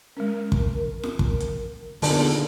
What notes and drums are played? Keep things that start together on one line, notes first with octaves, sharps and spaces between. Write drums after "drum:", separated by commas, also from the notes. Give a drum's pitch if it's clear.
G#3 C#4 A#4
drum: kick
drum: snare F4
drum: kick
drum: hi-hat
E2 A#2 D3 D#4 A5 C6, drum: open hi-hat